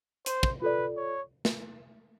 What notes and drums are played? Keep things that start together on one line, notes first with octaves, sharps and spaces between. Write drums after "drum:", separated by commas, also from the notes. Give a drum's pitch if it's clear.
C5, drum: hi-hat
drum: kick
F4 A4 B4 D5
C#5
drum: snare